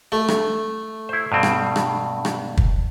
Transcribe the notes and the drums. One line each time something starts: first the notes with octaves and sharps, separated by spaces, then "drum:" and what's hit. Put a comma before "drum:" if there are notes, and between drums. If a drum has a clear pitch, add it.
A3
drum: rim click
E4 C5
G2 B2 C4
drum: rim click
drum: rim click
drum: rim click
drum: kick